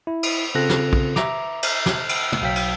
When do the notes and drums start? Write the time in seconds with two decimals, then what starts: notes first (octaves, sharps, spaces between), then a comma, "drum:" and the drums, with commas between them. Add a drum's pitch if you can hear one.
0.07 E4
0.23 drum: cymbal
0.55 C#3 C4 F4 A4 F#6 A#6
0.69 drum: snare
0.93 drum: kick
1.16 E5 A#5 D6, drum: snare
1.63 drum: cymbal
1.86 drum: snare
2.09 drum: cymbal
2.32 drum: tom
2.42 B1 F#3 F5 G5 B6
2.56 drum: cymbal